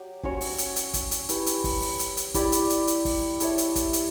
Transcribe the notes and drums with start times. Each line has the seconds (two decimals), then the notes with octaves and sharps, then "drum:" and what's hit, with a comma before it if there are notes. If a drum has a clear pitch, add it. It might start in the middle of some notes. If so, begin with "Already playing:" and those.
Already playing: F#3 G4
0.23 C#4 F#4 C#5, drum: kick F#1
0.41 drum: open hi-hat
0.58 drum: hi-hat
0.76 drum: hi-hat
0.94 drum: kick F#1, hi-hat
1.11 drum: hi-hat
1.29 E4 G4 B4, drum: hi-hat
1.46 drum: hi-hat
1.64 drum: kick F#1, open hi-hat
1.82 drum: open hi-hat
1.99 drum: hi-hat
2.17 drum: hi-hat
2.34 E4 G4 D5, drum: kick F#1, hi-hat
2.52 drum: hi-hat
2.70 drum: hi-hat
2.87 drum: hi-hat
3.05 drum: kick F#1, open hi-hat
3.40 E4 A4 C#5 E5, drum: hi-hat
3.58 drum: hi-hat
3.75 drum: kick F#1, hi-hat
3.93 drum: hi-hat